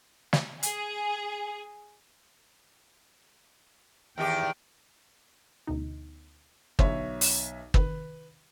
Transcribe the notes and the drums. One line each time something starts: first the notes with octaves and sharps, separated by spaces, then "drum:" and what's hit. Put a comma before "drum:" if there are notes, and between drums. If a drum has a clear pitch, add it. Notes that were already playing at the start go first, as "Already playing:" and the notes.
drum: snare
G#4, drum: hi-hat
E2 D#3 G4 G5
D2 B2 D#4
B1 D3 F4 C#5 E5, drum: kick
drum: open hi-hat
C3 D#3 B4, drum: kick